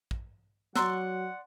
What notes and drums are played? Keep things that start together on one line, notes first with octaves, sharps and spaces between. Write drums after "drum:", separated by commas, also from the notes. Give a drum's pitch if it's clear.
drum: kick
F#3 D5 F#5 A#5 C6 C#6 E6 F#6, drum: snare